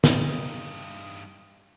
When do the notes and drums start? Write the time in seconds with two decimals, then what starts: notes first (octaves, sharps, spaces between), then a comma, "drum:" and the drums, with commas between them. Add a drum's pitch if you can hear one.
0.04 G2 D#4, drum: snare